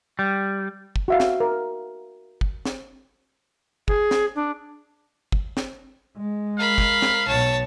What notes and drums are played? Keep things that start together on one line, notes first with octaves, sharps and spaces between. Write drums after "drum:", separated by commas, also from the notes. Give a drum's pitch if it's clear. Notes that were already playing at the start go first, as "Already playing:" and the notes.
G3
drum: kick
F#4 E5 F5
drum: snare
A#4
drum: kick
drum: snare
G#4, drum: kick
drum: snare
D4
drum: kick
drum: snare
G#3
A#4 F5 B5
drum: kick
drum: snare
B1 B2 C#5 A5